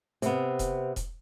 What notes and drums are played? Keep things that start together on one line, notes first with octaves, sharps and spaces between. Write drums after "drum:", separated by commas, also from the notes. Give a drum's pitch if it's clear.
C3 B3, drum: hi-hat
drum: kick E1, hi-hat
drum: kick E1, hi-hat